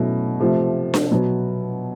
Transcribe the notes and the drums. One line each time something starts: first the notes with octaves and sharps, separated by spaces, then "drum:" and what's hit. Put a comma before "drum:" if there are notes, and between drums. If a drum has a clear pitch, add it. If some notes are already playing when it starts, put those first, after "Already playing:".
Already playing: B2 F#3 A3 C#4 E4
C3 F3 A3
drum: snare D4
B2 F#3 B3